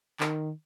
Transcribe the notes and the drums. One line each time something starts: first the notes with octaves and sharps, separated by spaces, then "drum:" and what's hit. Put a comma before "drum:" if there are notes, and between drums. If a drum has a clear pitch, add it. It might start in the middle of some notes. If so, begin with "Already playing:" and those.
D#3, drum: clap